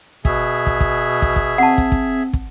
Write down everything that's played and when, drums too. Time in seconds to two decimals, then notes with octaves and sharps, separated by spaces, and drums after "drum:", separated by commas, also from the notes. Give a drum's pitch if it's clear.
0.25 B2 G#4 E5, drum: kick
0.66 drum: kick
0.80 drum: kick
1.22 drum: kick
1.36 drum: kick
1.58 C4 F#5 A5
1.78 drum: kick
1.92 drum: kick
2.33 drum: kick